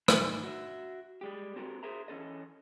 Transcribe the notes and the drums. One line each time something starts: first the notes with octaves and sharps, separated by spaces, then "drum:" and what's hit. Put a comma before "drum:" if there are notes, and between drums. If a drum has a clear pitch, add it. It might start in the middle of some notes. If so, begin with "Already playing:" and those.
D#3 E3, drum: rim click
F#4 E5
G3 G#3 G4
C4 F#4 G4 A4 A#4
G#4 A#4 C5 E5 A#5
E3 C#4 A4 D#5